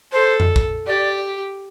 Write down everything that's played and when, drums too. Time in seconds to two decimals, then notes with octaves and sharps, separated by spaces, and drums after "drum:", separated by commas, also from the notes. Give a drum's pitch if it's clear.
0.11 A4 C5
0.40 drum: tom F2
0.56 drum: kick
0.87 G4 D5